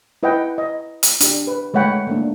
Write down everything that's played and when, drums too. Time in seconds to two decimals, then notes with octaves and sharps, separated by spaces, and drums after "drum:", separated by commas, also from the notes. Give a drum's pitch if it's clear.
0.23 E4 B4 D#5 F#5 G5
0.58 D#5
1.03 drum: hi-hat
1.20 D4 G4, drum: hi-hat
1.47 B4
1.74 G#3 A3 C#5 F#5 G5 B5
2.07 A3 A#3 D4